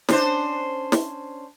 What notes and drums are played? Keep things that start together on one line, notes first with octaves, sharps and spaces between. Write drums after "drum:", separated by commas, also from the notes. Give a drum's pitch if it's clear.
C#4 D4 C5, drum: snare
drum: snare